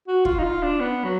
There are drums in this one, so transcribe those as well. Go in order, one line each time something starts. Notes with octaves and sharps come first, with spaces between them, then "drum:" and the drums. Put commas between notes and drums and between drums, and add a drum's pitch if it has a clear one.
F#4
F4, drum: kick
D#4
F4
D4
B3
F#3